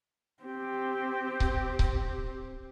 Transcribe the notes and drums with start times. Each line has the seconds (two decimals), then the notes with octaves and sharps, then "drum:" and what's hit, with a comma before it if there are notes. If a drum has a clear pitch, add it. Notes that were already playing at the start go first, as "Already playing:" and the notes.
0.43 C4 G4
1.40 drum: kick C#1
1.79 drum: kick C#1